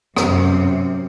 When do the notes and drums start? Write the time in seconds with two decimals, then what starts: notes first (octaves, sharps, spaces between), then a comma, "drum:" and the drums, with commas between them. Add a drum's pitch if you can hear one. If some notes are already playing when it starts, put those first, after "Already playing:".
0.16 F#2 C3, drum: rim click